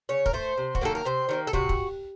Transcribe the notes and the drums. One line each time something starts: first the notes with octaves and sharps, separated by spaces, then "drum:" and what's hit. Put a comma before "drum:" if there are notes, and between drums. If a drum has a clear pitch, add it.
C#3 C#5
A#4, drum: kick
A3 C5
C3
F#4, drum: kick
D#3 F#3 A#3 A4
A#4
C3 C5
D#3 F#3 A#3
A4
C3 F#4, drum: kick
drum: kick